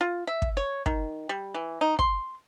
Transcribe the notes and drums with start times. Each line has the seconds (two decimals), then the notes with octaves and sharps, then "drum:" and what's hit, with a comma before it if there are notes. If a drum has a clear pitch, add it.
0.01 F4
0.27 E5
0.42 drum: kick
0.57 C#5
0.86 D#3, drum: kick
1.29 G3
1.54 E3
1.81 D#4
1.99 C6, drum: kick